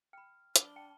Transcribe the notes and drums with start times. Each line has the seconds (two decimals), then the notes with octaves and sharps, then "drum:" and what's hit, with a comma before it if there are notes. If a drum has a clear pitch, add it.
0.13 G5 B5 F6
0.56 D4 B5 D6 G7, drum: hi-hat
0.76 F#5 G5 A5